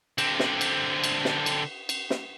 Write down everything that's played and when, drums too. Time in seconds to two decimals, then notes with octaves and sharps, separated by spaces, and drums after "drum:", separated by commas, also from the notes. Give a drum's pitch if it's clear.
0.18 D3 C4, drum: cymbal
0.40 drum: snare
0.61 drum: cymbal
1.04 drum: cymbal
1.25 drum: snare
1.46 drum: cymbal
1.89 drum: cymbal
2.10 drum: snare